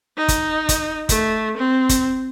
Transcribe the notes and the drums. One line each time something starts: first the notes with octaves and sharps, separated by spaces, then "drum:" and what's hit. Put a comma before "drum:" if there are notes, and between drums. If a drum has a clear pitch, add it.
D#4
drum: kick G1, hi-hat
drum: kick G1, hi-hat
A3, drum: kick G1, hi-hat
C4
drum: kick G1, hi-hat